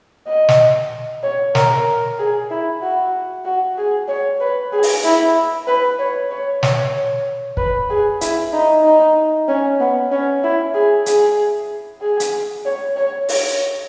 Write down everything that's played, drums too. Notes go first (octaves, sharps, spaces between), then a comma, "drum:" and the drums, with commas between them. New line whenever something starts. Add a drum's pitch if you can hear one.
D#5
drum: snare
C#5
A#4, drum: snare
G#4
E4
F#4
F#4
G#4
C#5
B4
G#4
drum: open hi-hat
E4
B4
C#5
C#5
C#5, drum: snare
B4, drum: kick
G#4
E4, drum: hi-hat
D#4
D#4
C#4
B3
C#4
E4
G#4
G#4, drum: hi-hat
G#4
drum: hi-hat
C#5
C#5
C#5, drum: open hi-hat